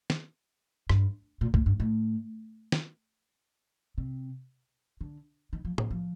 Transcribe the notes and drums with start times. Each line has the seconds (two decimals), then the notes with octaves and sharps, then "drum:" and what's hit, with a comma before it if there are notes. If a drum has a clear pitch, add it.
0.10 drum: snare
0.89 G2, drum: rim click
1.41 A#2
1.54 A2, drum: kick
1.66 G2
1.80 A2
2.72 drum: snare
3.98 C3
5.01 D3
5.53 D#3
5.65 F3
5.78 D#3, drum: tom A2
5.91 F3